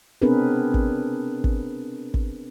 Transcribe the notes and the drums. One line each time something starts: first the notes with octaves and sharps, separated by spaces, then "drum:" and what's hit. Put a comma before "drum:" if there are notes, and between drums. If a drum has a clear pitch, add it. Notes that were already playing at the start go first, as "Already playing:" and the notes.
B3 C4 D4 G#4 A#4 B4
drum: kick
drum: kick
drum: kick